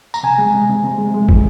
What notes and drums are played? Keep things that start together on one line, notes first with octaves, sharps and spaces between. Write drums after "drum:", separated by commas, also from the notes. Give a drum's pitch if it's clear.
A#5, drum: tambourine
C3 G#5
G#3
C3
C3
C3
G#3
G#3
G#3, drum: kick